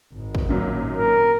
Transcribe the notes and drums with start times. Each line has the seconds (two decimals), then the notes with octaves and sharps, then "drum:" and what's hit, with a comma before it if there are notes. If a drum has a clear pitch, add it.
0.14 G#1 G#2
0.35 drum: kick
0.49 F#2 A#2 F#3
0.97 A#4